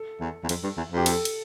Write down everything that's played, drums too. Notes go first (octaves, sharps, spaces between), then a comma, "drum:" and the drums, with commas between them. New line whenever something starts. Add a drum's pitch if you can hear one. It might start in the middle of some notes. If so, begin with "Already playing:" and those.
Already playing: A4
E2
E2
F2, drum: cymbal
G2
E2
F2
G4
A4, drum: cymbal
drum: cymbal